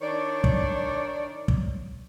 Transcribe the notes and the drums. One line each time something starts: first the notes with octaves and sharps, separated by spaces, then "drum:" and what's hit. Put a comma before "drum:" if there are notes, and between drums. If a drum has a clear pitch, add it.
D#3 D4 C#5 D5
drum: kick
drum: kick